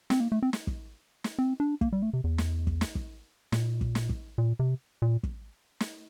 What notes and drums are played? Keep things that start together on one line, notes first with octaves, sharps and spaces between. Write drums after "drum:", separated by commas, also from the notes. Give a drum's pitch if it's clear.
C4, drum: snare
A#3
A3
C4
drum: snare
drum: kick
drum: snare
C4
D4
A#3, drum: kick
G3
A3
C3
E2
drum: snare
drum: kick
drum: snare
drum: kick
A#2, drum: snare
drum: kick
drum: snare
drum: kick
A#2
C3
A#2
drum: kick
drum: snare